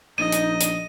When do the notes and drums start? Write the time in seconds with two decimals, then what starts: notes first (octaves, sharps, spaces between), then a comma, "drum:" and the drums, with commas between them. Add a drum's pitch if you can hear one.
0.18 A#1 D#4 D#5 D#7
0.32 drum: hi-hat
0.60 drum: hi-hat